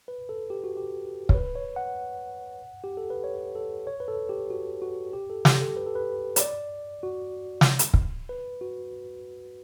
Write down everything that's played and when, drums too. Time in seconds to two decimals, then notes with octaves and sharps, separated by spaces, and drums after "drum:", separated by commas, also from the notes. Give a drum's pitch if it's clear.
0.08 B4
0.29 A4
0.50 G4
0.64 F#4
0.77 G4
1.29 C#5, drum: kick
1.34 B4
1.55 C#5
1.76 F#5
2.84 G4
2.97 A4
3.10 B4
3.24 C#5
3.55 A4
3.87 C#5
4.00 B4
4.08 A4
4.29 G4
4.50 F#4
4.82 F#4
5.13 G4
5.30 A4
5.45 G4, drum: snare
5.61 A4
5.77 B4
5.86 A4
5.95 B4
6.36 C#5, drum: hi-hat
6.40 D5
7.03 F#4
7.61 drum: snare
7.79 drum: hi-hat
7.94 drum: kick
8.29 B4
8.61 F#4